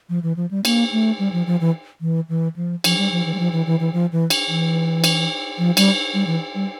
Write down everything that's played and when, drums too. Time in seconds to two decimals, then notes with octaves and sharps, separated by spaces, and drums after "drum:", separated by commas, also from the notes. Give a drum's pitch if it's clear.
0.09 F3
0.23 E3
0.37 F3
0.51 G3
0.65 A#3, drum: cymbal
0.92 A3
1.19 G3
1.33 F3
1.47 F3
1.61 E3
2.01 E3
2.29 E3
2.56 F3
2.84 F3, drum: cymbal
2.98 G3
3.12 F3
3.26 E3
3.34 G3
3.39 F3
3.53 E3
3.66 E3
3.80 E3
3.93 F3
4.12 E3
4.30 drum: cymbal
4.48 E3
5.04 drum: cymbal
5.58 F3
5.77 G3, drum: cymbal
6.14 G3
6.27 E3
6.55 G3